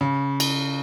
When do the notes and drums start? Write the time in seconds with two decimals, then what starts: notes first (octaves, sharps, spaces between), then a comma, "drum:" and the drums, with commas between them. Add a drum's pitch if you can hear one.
0.01 C#3
0.40 drum: cymbal